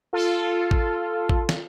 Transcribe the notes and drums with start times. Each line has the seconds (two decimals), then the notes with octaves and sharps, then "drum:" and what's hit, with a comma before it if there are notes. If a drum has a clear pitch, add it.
0.13 F4 A4
0.71 drum: kick
1.29 drum: kick
1.49 drum: snare